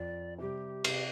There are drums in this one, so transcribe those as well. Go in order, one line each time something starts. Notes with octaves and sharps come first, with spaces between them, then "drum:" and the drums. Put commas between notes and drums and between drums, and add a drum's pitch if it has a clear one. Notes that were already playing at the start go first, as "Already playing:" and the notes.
Already playing: F2 D5
C3 G3 G4
C3, drum: cymbal